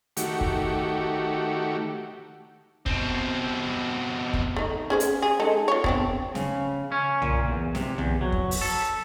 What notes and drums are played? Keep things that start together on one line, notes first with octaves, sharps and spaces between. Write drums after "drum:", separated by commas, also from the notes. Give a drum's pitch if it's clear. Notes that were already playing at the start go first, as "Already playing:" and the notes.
D#3 A3 F#4 G4, drum: hi-hat
drum: kick
B2 C4, drum: kick
drum: kick
A3 D#4
C#4 G#4 C5
drum: hi-hat
G#4
G#3 D#4 A4
F4 C#5
B3 C4 D4, drum: kick
C#3, drum: snare
C#4
A#2, drum: tom B1
E2
C3, drum: snare
E2, drum: tom B1
F#3
drum: kick
drum: open hi-hat
A4